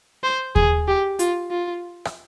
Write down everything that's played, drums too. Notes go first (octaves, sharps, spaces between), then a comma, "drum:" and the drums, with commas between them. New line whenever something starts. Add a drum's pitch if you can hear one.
C5
G#4, drum: kick D#2
G4
F4, drum: hi-hat
F4
drum: rim click